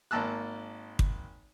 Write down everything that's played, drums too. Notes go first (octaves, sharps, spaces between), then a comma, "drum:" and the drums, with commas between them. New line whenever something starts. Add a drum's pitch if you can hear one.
G#1 A#3 A5 E6 F#6
drum: kick